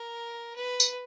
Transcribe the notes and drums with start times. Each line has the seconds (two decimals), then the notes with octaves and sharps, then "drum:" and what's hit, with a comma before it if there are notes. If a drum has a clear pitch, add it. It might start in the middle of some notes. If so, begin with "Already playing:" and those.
Already playing: A#4
0.55 B4
0.80 drum: tambourine